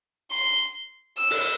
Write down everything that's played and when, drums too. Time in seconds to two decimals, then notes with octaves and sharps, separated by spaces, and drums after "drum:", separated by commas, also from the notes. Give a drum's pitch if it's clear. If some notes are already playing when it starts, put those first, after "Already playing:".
0.32 C6
1.17 E6
1.30 drum: open hi-hat